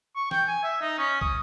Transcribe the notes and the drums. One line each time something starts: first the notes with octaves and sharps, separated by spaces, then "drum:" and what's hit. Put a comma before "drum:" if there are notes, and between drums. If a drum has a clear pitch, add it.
C#6
G5, drum: snare
G#5
E5
D#4
C#4
D#6, drum: kick